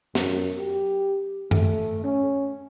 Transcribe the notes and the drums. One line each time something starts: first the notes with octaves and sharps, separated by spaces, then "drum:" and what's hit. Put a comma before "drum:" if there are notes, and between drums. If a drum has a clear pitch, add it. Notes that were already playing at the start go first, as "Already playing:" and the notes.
F#2, drum: snare
G4
A3, drum: tom F#2
C#4